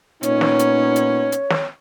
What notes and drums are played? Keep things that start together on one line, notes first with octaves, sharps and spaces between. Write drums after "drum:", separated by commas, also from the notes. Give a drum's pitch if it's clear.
A#2 B3 C#4 D#4 C#5, drum: hi-hat
drum: snare
drum: hi-hat
drum: hi-hat
drum: hi-hat
drum: snare